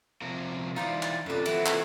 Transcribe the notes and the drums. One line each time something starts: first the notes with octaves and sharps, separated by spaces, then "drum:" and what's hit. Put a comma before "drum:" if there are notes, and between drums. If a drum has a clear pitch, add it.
C3 F3 A#4
E3 D#4 F4 C5 D5 F5
drum: clap
F#2 C3 F4 A4 B4 D5
E3 C4 E4 F#5, drum: cymbal
B4 C#5 E5, drum: clap